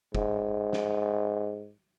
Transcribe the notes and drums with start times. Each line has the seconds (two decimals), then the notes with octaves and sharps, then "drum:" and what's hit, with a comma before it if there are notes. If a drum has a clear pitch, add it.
0.15 G#2, drum: kick
0.73 drum: snare